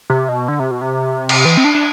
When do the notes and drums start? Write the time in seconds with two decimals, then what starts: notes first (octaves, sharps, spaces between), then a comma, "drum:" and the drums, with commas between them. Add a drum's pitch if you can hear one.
0.10 C3
0.29 B2
0.48 D3
0.59 C3
0.71 B2
0.81 C3
1.29 drum: cymbal
1.45 E3
1.57 C4
1.64 D4
1.75 D4